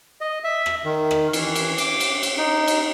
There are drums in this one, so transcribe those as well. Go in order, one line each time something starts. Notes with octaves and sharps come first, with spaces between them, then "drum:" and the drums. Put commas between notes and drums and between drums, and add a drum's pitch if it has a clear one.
D#5
E5
drum: rim click
D#3
drum: rim click
E3, drum: cymbal
drum: cymbal
D6, drum: cymbal
drum: cymbal
drum: cymbal
D#4
drum: cymbal